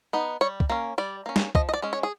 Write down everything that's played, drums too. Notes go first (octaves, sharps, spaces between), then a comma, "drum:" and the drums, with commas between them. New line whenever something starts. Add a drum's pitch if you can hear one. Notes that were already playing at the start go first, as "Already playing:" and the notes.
B3 D#4
G3 C#5
drum: kick
A#3 C#4
G3 D5
A#3 C#4
drum: snare
F3 D#5, drum: kick
D#5
D5
G#3 C#4
C#5
G#4